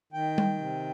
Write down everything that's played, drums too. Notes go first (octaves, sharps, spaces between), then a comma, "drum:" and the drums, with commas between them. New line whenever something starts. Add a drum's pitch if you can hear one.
D#3 G5
drum: tom G3
C3